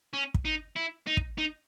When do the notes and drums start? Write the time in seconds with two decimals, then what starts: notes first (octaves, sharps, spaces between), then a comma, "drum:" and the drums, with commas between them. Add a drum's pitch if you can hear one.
0.14 C#4
0.34 drum: kick
0.45 D#4
0.76 E4
1.07 D#4
1.17 drum: kick
1.38 D#4